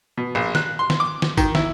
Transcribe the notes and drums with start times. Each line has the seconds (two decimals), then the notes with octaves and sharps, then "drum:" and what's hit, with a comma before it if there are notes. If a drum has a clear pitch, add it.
0.17 B2
0.35 A#1
0.55 F#6, drum: snare
0.79 C6
0.90 drum: snare
1.00 D6
1.22 drum: snare
1.37 D#3, drum: kick, tambourine
1.55 E4, drum: snare